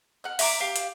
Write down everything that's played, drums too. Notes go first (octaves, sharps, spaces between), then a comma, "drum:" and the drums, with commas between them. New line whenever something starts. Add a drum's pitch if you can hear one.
F#5 F6
E5 A#5 D6, drum: open hi-hat
G4 F5
drum: hi-hat